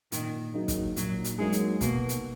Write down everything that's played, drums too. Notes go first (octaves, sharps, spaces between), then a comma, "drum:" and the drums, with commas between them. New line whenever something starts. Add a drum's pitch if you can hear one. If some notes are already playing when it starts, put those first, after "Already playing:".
A#2 D#3, drum: hi-hat
F#3 A#3 D#4 G#4
drum: kick, hi-hat
A#2 F#3, drum: hi-hat
drum: hi-hat
F#3 G#3 A#3 D#4 G#4
drum: hi-hat
B2 A#3, drum: kick, hi-hat
drum: hi-hat